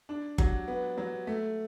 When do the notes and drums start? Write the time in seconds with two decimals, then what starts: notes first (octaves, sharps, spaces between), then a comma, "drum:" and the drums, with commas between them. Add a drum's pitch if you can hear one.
0.09 D4
0.38 F#3, drum: kick G1
0.68 B3
0.98 F#3
1.27 A3